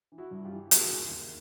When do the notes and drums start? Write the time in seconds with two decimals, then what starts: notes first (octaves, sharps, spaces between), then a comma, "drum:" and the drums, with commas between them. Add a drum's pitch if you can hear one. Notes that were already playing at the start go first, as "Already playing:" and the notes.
0.12 E3
0.18 E4 F#4
0.31 G2
0.45 F4 G4
0.52 E3
0.71 D#2 F#4 G#4, drum: hi-hat
0.92 D#2
1.11 D#2